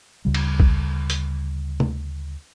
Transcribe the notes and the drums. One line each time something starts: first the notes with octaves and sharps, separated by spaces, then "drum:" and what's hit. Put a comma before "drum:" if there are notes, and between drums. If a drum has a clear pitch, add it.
D2 C#3 G3
drum: cymbal
drum: kick
drum: hi-hat
drum: tom